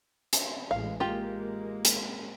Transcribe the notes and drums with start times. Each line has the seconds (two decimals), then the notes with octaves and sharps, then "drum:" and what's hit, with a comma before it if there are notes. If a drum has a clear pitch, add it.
0.33 drum: hi-hat
0.71 A1 E3 G#3 F5
1.00 G#3 A#3 F4 G4
1.85 drum: hi-hat